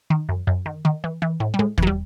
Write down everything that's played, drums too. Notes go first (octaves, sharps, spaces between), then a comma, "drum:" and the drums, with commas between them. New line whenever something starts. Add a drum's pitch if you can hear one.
D#3
F#2
F#2
D#3
D#3
E3
E3
A2
G3
A2 G#3
E3 F#3, drum: kick
G3